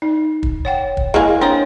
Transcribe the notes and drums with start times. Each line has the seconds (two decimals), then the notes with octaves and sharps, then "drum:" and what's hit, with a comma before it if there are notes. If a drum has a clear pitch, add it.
0.02 D#4
0.43 drum: kick
0.65 C#5 F#5 G5
0.97 drum: kick
1.14 G#3 A#3 E4 G#4
1.41 C4 D4 C#5